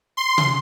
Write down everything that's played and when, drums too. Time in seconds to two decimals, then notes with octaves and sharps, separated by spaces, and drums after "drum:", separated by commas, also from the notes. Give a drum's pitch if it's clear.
0.17 C6
0.38 drum: tom C3